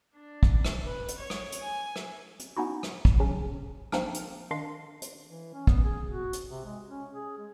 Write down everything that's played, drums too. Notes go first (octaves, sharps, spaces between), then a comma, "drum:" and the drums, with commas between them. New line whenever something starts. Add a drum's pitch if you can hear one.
D4
drum: kick
drum: rim click
B4
drum: hi-hat
C#5
drum: rim click
drum: hi-hat
G#5
drum: rim click
drum: hi-hat
B3 C#4 D#4 E4 F#4
drum: rim click
drum: kick
C#3 F#3 C#4 D4
F3 A#3 C4 D4 D#4 A#4, drum: rim click
drum: hi-hat
D#3 D4 D#5 F5 C6 C7
drum: hi-hat
E3
C#4
B3, drum: kick
G#4
F#4
drum: hi-hat
C3
G#3
C#4
G#4
G#3